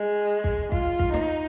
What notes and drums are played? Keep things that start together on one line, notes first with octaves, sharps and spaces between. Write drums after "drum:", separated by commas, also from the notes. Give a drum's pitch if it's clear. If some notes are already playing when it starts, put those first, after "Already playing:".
Already playing: G#3
drum: kick
F4, drum: kick
drum: kick
D#4, drum: snare